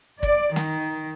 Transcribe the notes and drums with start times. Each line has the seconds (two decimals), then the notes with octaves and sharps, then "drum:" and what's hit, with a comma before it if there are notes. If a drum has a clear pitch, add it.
0.23 D5, drum: kick
0.56 D#3, drum: snare